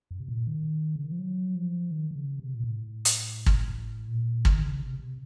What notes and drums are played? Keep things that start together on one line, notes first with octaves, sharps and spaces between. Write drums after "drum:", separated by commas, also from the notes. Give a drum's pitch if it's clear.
F#2
C3
A#2
D#3
C#3
D#3
F3
F#3
F3
D#3
D#3
C#3
C3
A#2
A2
drum: hi-hat
drum: kick
A#2
C#3, drum: kick
D#3
C#3
C3
C3